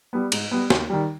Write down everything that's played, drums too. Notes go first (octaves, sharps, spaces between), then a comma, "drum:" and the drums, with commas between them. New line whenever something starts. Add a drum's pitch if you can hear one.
G3 B3
G#2, drum: cymbal
G3 B3
D#2, drum: snare
D#3 G3